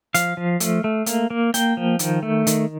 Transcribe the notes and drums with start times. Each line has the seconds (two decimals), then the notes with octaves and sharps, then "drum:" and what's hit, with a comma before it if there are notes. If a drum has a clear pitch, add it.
0.14 F3 F5, drum: hi-hat
0.37 F3
0.60 A3, drum: hi-hat
0.84 A3
1.06 A#3, drum: hi-hat
1.30 A#3
1.54 A#3 G5, drum: hi-hat
1.77 F3
1.99 D#3, drum: hi-hat
2.23 A3
2.47 D#3, drum: hi-hat